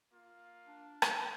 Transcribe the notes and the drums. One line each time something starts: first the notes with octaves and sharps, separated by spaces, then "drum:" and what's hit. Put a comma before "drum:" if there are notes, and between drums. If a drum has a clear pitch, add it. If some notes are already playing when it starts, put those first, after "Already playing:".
A#3 F4
D4
drum: rim click